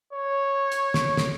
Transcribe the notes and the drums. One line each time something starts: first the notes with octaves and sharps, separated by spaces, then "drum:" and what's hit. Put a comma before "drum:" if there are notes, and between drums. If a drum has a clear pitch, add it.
C#5
drum: hi-hat
drum: snare
drum: snare